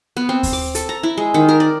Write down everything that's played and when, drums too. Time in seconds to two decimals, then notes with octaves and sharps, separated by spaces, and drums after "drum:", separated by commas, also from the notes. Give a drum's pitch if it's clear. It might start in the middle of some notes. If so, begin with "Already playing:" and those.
0.17 B3
0.29 C4
0.43 drum: kick D#2, open hi-hat
0.53 D6
0.75 A4, drum: hi-hat
0.89 A#5
1.03 E4
1.18 G#3
1.34 D#3
1.49 A#4
1.60 D5